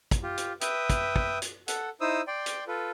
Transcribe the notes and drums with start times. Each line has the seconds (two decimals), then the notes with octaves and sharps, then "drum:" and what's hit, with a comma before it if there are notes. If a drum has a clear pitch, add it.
0.11 drum: kick, hi-hat
0.23 F4 G4
0.37 drum: hi-hat
0.61 B4 E5 G5 D#6, drum: hi-hat
0.90 drum: kick, hi-hat
1.16 drum: kick
1.42 drum: hi-hat
1.68 A4 F#5, drum: hi-hat
2.01 D#4 E4 C5 D#6 E6
2.27 D5 G5 C6
2.46 drum: hi-hat
2.67 F4 A4 B4